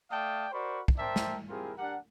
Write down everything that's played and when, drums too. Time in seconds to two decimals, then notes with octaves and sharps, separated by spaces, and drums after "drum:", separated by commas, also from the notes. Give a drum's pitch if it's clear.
0.11 A3 D5 F5 G5 A5 D#6
0.52 F#4 A#4 C5 D5 B5 C#6
0.88 drum: kick
0.98 A#4 C5 D5 E5 G5 A5
1.16 drum: snare
1.49 C4 E4 F4 G4 G#4 A#4
1.77 D4 G4 A#4 F#5